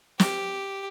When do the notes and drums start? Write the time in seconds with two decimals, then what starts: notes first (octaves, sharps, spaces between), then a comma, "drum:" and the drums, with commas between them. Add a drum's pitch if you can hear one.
0.20 G4, drum: snare